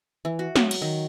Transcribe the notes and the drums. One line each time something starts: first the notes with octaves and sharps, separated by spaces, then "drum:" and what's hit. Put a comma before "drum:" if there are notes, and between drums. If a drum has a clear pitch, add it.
E3
F#4
F#3, drum: snare
drum: cymbal
D#3